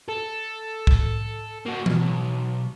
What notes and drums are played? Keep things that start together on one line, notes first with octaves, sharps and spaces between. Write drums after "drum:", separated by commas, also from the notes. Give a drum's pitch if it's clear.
A4
drum: kick
A#3 F#4
B1, drum: tom E3